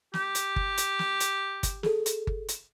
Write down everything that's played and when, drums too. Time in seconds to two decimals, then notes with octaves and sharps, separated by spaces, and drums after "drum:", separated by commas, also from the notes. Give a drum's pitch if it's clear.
0.14 G4, drum: snare
0.35 drum: hi-hat
0.56 drum: kick G1
0.78 drum: hi-hat
0.99 drum: snare
1.20 drum: hi-hat
1.63 drum: kick G1, hi-hat
1.83 G#4 A4, drum: snare
2.06 drum: hi-hat
2.27 drum: kick G1
2.49 drum: hi-hat